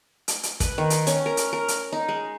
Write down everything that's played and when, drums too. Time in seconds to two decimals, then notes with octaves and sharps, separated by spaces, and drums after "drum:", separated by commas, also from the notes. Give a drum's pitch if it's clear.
0.28 drum: hi-hat
0.43 drum: hi-hat
0.60 B4, drum: kick, hi-hat
0.78 D#3
0.90 drum: hi-hat
1.07 C#4, drum: hi-hat
1.26 A#4
1.37 drum: hi-hat
1.53 A#4
1.68 drum: hi-hat
1.92 D#4
2.08 G#3